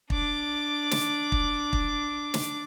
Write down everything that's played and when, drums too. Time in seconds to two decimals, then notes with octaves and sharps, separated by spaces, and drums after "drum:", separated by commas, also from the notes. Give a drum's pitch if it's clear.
0.10 D4 D6, drum: kick
0.91 drum: snare
1.32 drum: kick
1.73 drum: kick
2.34 drum: snare